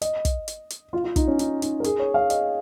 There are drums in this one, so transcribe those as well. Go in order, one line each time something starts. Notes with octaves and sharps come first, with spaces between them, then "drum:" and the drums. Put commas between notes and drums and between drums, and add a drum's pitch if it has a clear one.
D#5, drum: hi-hat
drum: kick, hi-hat
drum: hi-hat
drum: hi-hat
F4
F4
D#4, drum: kick, hi-hat
C#4
D#4, drum: hi-hat
D#4, drum: hi-hat
A#4
G#4, drum: hi-hat
C#5
F5
D#5, drum: hi-hat